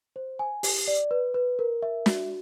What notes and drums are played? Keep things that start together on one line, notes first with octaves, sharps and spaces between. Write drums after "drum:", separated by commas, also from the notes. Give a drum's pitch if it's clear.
C5
G#5
G4, drum: open hi-hat
D5
B4
B4
A#4
E5
F#4, drum: snare